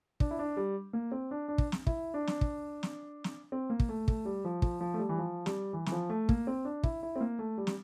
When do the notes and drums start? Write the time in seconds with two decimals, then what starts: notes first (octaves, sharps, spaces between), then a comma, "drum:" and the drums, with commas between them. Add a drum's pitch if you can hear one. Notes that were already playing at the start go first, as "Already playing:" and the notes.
0.20 D4, drum: kick
0.31 E4
0.39 D4
0.57 G3
0.93 A#3
1.12 C4
1.31 D4
1.48 D4
1.58 drum: kick
1.72 drum: snare
1.87 E4, drum: kick
2.14 D4
2.27 drum: snare
2.41 drum: kick
2.83 drum: snare
3.24 drum: snare
3.52 C4
3.70 A#3
3.80 drum: kick
3.89 A3
4.08 A3, drum: kick
4.25 G3
4.45 F3
4.62 F3, drum: kick
4.81 F3
4.94 A3
4.99 G3
5.09 E3
5.18 F3
5.46 G3, drum: snare
5.73 E3
5.86 E3, drum: snare
5.92 F3
6.09 A3
6.29 A#3, drum: kick
6.47 C4
6.65 D4
6.83 E4, drum: kick
7.03 E4
7.16 C4
7.21 A#3
7.39 A3
7.58 G3
7.67 drum: snare